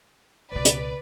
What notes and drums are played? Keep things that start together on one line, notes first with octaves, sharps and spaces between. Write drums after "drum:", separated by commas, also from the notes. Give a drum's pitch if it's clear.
C#2 B2 B4 D5
drum: hi-hat